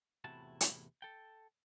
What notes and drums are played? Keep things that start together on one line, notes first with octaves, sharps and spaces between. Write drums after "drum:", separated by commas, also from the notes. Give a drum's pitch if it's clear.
E2 A2 C3 E4 F#4 A5
drum: hi-hat
A4 G5